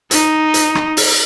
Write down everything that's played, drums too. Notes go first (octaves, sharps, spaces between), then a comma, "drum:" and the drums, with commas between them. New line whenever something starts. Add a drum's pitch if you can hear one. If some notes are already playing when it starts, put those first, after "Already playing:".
D#4, drum: hi-hat
drum: hi-hat
drum: rim click
drum: open hi-hat